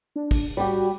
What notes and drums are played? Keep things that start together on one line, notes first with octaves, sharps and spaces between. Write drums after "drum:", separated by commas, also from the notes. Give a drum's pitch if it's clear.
D4
drum: kick, open hi-hat
G3 F#4 G4